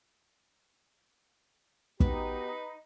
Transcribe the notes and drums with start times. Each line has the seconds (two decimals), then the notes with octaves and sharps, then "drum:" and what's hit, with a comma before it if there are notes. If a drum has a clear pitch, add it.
2.00 B3 D#4 F#4 G4 B4, drum: kick